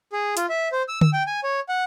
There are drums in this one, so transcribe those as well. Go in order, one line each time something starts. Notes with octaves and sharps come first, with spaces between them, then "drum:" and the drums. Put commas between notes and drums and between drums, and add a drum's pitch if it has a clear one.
G#4
F4, drum: hi-hat
E5
C5
E6
E6, drum: tom D3
G5
G#5
C#5
F#5